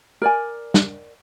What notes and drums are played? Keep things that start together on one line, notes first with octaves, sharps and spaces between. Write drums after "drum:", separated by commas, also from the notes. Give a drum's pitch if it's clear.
A#4 D5 G#5
drum: snare